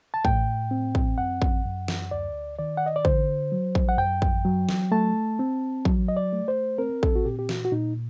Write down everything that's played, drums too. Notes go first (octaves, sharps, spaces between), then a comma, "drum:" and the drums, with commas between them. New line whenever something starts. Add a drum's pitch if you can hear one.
A5
A2 G5, drum: kick
C4
drum: kick
F#2 F#5
drum: kick
F#2
drum: snare
D2 D5
D#3 D5
F#5
D#5
D5
D3 C5, drum: kick
F#3
drum: kick
F#5
F#2 G5
drum: kick
F#3
drum: snare
A3 A5
C4
F#3, drum: kick
D#5
D5
A3
C5
C4 A#4
A4, drum: kick
F#4
A#2 G4
G4
F#4, drum: snare
F#4
A#2 D#4